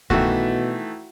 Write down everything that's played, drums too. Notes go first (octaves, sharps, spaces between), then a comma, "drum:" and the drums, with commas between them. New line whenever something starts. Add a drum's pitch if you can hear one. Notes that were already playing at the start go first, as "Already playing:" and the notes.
B2 D#3 E3 A3 F#4 E5, drum: kick C2